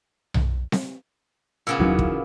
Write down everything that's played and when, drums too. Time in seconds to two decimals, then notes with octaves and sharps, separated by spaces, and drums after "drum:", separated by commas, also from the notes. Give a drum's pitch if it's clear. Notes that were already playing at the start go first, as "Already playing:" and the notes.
0.34 drum: tom B1
0.72 drum: snare C4
1.67 A#2 C#3 B3 E6
1.79 D#1 D#3 E3 F#3 C#4 F#4
1.99 drum: kick